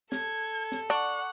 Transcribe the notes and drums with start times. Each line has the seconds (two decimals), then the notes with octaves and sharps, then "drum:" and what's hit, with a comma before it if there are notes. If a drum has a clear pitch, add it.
0.12 A4 G#6, drum: snare
0.72 drum: snare
0.90 D4 F#5 C#6 D6